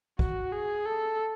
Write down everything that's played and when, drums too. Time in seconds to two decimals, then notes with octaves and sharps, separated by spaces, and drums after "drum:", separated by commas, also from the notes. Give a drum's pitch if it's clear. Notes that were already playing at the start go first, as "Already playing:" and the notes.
0.19 F#4, drum: kick
0.52 G#4
0.85 A4